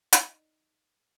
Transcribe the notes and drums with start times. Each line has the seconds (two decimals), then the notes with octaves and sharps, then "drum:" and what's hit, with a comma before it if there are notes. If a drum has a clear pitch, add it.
0.13 D#4 D5, drum: hi-hat